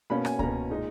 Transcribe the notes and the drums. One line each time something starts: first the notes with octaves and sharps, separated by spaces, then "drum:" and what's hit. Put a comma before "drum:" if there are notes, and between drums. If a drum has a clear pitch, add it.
B2 A#3 C#4 B5
G#5, drum: rim click
B2 A#3 C#4 A#5, drum: kick C#2
A#2 G#3 D#4